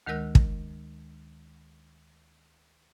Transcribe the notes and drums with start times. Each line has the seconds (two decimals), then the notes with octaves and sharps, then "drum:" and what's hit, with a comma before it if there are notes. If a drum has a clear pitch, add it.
0.06 D2 D#3 G#3 A#4 E6 F#6
0.35 drum: kick